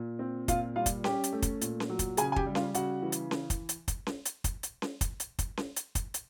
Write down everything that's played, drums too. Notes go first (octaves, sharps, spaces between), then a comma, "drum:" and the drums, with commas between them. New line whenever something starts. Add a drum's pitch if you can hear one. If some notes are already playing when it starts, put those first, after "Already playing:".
Already playing: A#2
C4
A#2 F4 F5, drum: kick, hi-hat
G3 F4 F5
drum: kick, hi-hat
C#4 G4 G5, drum: snare C#4
drum: hi-hat
A3
drum: kick, hi-hat
A#2, drum: hi-hat
drum: snare C#4
F#3
drum: kick, hi-hat
C#3 G#4 G#5, drum: hi-hat
G#5
G4 G5, drum: kick
G3
F4 F5, drum: snare C#4
C#3 F#4 F#5, drum: hi-hat
E3
drum: hi-hat
drum: snare C#4
drum: kick, hi-hat
drum: hi-hat
drum: kick, hi-hat
drum: snare C#4
drum: hi-hat
drum: kick, hi-hat
drum: hi-hat
drum: snare C#4
drum: kick, hi-hat
drum: hi-hat
drum: kick, hi-hat
drum: snare C#4
drum: hi-hat
drum: kick, hi-hat
drum: hi-hat